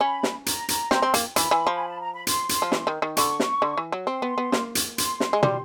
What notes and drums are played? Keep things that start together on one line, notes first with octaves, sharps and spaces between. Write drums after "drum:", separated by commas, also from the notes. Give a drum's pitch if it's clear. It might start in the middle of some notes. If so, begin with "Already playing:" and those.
C#4 B5
drum: snare
A#5, drum: hi-hat
drum: hi-hat
C4, drum: snare
C4
A#3, drum: hi-hat
E3 B5, drum: hi-hat
E3
F3
G#5
A5
A#5
B5
C6, drum: hi-hat
drum: hi-hat
F3
E3, drum: snare
D#3
D#3
D3 C#6, drum: hi-hat
drum: snare
D3
E3
F#3
C4 C6
B3
B3
A#3, drum: snare
drum: hi-hat
C6, drum: hi-hat
drum: snare
G#3
G3, drum: tom